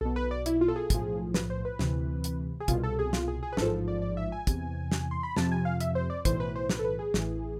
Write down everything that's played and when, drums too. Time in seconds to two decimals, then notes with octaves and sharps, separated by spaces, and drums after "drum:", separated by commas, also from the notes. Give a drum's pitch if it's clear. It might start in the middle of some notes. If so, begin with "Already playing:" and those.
0.01 B1 B2 A4
0.16 B4
0.31 D5
0.46 E4, drum: hi-hat
0.61 F4
0.68 A4
0.76 G#4
0.90 B1 A2 F3, drum: kick, hi-hat
1.34 B4, drum: snare
1.50 C5
1.65 B4
1.79 D2 C3 E3, drum: snare
2.24 drum: hi-hat
2.60 G#4
2.68 C2 B2 F4, drum: kick, hi-hat
2.83 A4
2.99 G#4
3.13 F4, drum: snare
3.28 G#4
3.43 G#4
3.53 B4
3.57 A1 G#2 F3 A4, drum: snare
3.88 D5
4.02 D5
4.17 E5
4.32 G#5
4.47 E2 C3 E3, drum: kick, hi-hat
4.92 drum: snare
5.11 C6
5.23 B5
5.37 F2 C3 F3 A5, drum: snare
5.52 G#5
5.65 F5
5.80 E5, drum: hi-hat
5.95 C5
6.10 D5
6.25 B1 A2 E3 C5, drum: kick, hi-hat
6.40 B4
6.56 C5
6.69 B4, drum: snare
6.79 A4
6.84 B4
6.99 G#4
7.14 A1 A2 E3, drum: snare